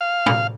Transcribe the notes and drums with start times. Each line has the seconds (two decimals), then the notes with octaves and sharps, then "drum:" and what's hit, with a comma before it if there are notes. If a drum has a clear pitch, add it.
0.01 F5
0.26 drum: tom